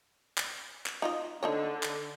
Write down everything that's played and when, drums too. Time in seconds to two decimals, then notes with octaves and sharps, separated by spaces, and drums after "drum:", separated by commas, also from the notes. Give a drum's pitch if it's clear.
0.38 drum: clap
0.86 drum: clap
1.02 D#4 F4 D#5
1.43 D3 D#4 A4 C#5
1.83 drum: clap